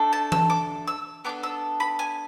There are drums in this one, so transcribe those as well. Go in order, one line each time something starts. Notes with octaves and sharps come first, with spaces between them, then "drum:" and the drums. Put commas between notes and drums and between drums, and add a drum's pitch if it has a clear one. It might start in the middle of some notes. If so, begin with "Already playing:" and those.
Already playing: A3 D4 A4
A5
E6, drum: tom E3
D6
E6
B3 D4 A4 D6
E6
B5
G#5